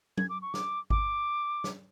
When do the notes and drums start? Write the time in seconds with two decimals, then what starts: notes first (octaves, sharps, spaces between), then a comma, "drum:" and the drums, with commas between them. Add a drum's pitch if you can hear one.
0.18 G#6, drum: tom F#3
0.30 D6
0.42 C#6
0.54 D6, drum: snare
0.90 D6, drum: kick G#1
1.64 drum: snare